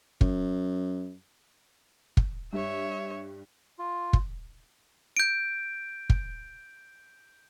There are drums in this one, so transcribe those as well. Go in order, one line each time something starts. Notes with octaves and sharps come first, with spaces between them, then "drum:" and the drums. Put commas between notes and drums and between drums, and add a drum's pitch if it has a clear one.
F#2, drum: kick
drum: kick
G2 C#5 E5
F4
drum: kick
G6 D7
drum: kick